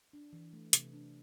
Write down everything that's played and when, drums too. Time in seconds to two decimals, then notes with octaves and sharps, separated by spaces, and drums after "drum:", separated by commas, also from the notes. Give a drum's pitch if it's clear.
0.13 D4
0.33 E3
0.53 A3
0.73 C3, drum: hi-hat
0.93 D4